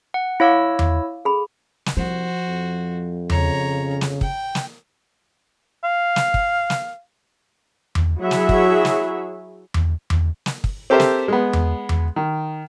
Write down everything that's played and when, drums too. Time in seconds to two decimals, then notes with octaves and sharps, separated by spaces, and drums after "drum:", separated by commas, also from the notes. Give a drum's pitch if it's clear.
0.14 F#5
0.40 E4 C#5 F5 D6 E6
0.79 drum: tom E2
1.25 G#4 A4 B5
1.86 drum: snare
1.97 C2 F3 F#4 C5
2.48 F2
3.30 C#3 C#5 A#5, drum: tom E2
4.01 drum: snare
4.21 G5, drum: kick
4.55 drum: snare
5.84 F5
6.16 drum: snare
6.34 drum: kick
6.70 drum: snare
7.95 drum: tom E2
8.20 F#3 E4 F#4 G#4 C#5 E5
8.31 drum: snare
8.49 drum: kick
8.85 drum: snare
9.74 drum: tom E2
10.10 drum: tom E2
10.46 drum: snare
10.64 drum: kick
10.90 C4 G4 A4 A#4 C5 E5
11.00 drum: snare
11.28 G#3 B3
11.53 drum: tom E2
11.89 drum: tom E2
12.16 D#3